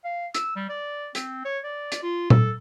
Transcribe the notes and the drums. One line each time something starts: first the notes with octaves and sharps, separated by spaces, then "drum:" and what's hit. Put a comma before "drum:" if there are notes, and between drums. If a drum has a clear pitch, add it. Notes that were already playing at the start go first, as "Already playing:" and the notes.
F5
E6, drum: hi-hat
G3
D5
C4, drum: hi-hat
C#5
D5
drum: hi-hat
F4
A4, drum: tom A#2